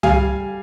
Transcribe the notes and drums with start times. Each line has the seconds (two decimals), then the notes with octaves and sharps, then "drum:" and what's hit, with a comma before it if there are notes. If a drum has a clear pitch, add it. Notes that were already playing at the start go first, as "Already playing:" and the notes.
0.03 G3 F5 G#5, drum: tom